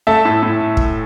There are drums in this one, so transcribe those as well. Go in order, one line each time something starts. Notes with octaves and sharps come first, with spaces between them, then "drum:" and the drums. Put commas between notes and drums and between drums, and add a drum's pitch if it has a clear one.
A3 E5 A5
A2
A2
drum: kick